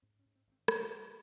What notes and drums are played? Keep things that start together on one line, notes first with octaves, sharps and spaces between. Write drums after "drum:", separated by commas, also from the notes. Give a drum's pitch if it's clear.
G#2 C4
C#4
G#2
C4
G#1 C4
G#1 G#3, drum: rim click
G#2
G3